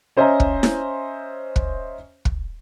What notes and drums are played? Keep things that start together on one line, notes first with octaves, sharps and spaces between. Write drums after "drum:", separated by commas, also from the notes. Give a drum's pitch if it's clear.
C#4 C5 D#5 E5 G#5 A#5
drum: kick
drum: snare E4
drum: kick
drum: kick